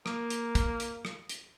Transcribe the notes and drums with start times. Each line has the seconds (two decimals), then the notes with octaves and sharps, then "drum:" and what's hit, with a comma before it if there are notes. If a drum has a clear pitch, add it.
0.06 A#3, drum: rim click
0.30 drum: hi-hat
0.55 drum: kick, hi-hat
0.80 drum: hi-hat
1.05 drum: rim click
1.29 drum: hi-hat